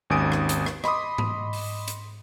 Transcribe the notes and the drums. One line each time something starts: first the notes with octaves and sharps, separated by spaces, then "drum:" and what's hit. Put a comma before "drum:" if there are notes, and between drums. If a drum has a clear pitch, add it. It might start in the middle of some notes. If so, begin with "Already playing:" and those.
G#1 D#2 C#4 G#5 D#6 D7
drum: rim click
drum: hi-hat
drum: rim click
D#5 B5 C6 D6 D#6, drum: rim click
drum: tom G#2
drum: open hi-hat
drum: hi-hat